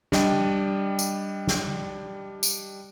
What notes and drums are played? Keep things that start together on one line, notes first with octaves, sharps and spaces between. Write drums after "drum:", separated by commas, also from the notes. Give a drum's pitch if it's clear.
G3 D4 D5 D#5 G5, drum: snare
drum: tambourine
drum: snare
drum: tambourine